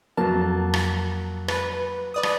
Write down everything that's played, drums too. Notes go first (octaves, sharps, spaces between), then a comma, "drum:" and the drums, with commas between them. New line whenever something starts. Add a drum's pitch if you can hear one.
F2 F#3 A#3 A5
drum: rim click
B4, drum: rim click
B4 D5 D#6
drum: rim click